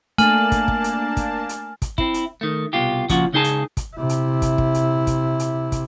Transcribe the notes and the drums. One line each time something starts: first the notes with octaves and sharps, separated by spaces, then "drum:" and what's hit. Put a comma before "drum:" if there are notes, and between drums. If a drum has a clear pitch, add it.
A3 A#3 D4 G#5 A5 F6 F#7, drum: hi-hat
drum: kick, hi-hat
drum: kick
drum: hi-hat
drum: kick, hi-hat
drum: hi-hat
drum: kick, hi-hat
C4 E4, drum: kick
drum: hi-hat
D#3 A3
C2 B2 F4 G4
A#2 C#3 F3 C#4 F4 F#4, drum: kick, hi-hat
C#2 C#3 D#4 G#4 G#5 A5
drum: hi-hat
drum: kick, hi-hat
C3 E4
drum: hi-hat
drum: kick, hi-hat
drum: kick
drum: hi-hat
drum: kick, hi-hat
drum: hi-hat
drum: kick, hi-hat